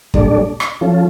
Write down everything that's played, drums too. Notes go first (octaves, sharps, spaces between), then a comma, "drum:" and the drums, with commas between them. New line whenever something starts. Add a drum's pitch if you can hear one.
A#2 G3 D4 A4 D5, drum: kick
drum: rim click
F3 C#4 F4 A4